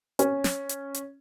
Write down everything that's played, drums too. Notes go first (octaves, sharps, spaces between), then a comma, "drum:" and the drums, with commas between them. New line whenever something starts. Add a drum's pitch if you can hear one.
C#4, drum: hi-hat
drum: snare
drum: hi-hat
drum: hi-hat